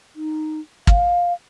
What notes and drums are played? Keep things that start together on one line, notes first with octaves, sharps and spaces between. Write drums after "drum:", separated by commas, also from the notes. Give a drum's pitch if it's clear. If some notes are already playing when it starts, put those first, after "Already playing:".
D#4
F5, drum: kick